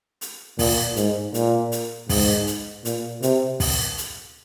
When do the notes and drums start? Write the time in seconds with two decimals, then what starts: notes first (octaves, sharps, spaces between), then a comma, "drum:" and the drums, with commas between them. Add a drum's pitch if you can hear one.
0.21 drum: hi-hat
0.59 A#2, drum: kick, open hi-hat
0.96 G#2, drum: hi-hat
1.34 A#2, drum: hi-hat
1.72 drum: hi-hat
2.09 G#2, drum: kick, open hi-hat
2.47 drum: hi-hat
2.85 A#2, drum: hi-hat
3.22 C3, drum: hi-hat
3.60 drum: kick, open hi-hat
3.98 drum: hi-hat